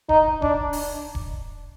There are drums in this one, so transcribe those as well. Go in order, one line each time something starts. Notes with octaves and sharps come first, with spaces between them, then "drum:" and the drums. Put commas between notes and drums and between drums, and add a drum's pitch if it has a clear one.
D#4, drum: kick D#1
D4, drum: kick D#1
drum: open hi-hat
drum: kick D#1